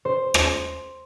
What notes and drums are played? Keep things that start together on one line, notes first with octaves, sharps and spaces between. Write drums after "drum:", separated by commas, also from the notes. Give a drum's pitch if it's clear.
C5
drum: rim click